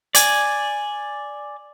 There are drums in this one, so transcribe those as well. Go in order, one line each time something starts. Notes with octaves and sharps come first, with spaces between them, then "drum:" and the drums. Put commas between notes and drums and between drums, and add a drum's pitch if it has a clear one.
D5 G#5, drum: hi-hat